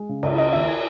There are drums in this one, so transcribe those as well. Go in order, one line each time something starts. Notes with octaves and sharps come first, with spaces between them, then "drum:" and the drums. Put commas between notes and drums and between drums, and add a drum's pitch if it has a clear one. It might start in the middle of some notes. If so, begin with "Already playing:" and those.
Already playing: G#3
C#3
C#2, drum: cymbal
C#3 D#5
D#2 E5
G#5